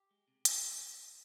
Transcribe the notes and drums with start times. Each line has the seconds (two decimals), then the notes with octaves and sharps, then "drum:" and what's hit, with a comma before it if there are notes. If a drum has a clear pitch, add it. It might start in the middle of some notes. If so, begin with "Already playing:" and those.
Already playing: G4
0.11 G#3
0.28 C3
0.45 C3, drum: hi-hat